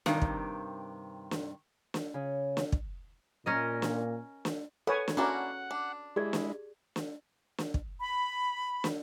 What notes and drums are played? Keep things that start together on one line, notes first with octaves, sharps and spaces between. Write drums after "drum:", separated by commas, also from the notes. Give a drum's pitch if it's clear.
G2 C3 D#3, drum: snare
drum: kick
drum: snare
drum: snare
C#3
drum: snare
drum: kick
A#2 C#4 A#4 D#5
drum: snare
drum: snare
A4 B4 C#5 F#5 G#5
drum: snare
A#3 C#4 D4 E4 F#4 A#4 F#5
D4
G#3 E4 G4 G#4 D5
drum: snare
drum: snare
drum: snare
drum: kick
B5
drum: snare